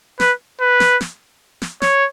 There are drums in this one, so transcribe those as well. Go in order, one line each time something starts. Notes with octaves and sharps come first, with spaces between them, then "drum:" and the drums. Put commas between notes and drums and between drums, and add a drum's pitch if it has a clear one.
B4, drum: snare
B4
drum: snare
drum: snare
drum: snare
C#5, drum: snare